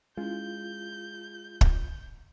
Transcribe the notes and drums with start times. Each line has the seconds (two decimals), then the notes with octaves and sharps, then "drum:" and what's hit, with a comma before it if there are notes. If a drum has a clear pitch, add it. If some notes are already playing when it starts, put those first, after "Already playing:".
0.17 G#3 C#4 E4 F4 G6
1.61 drum: kick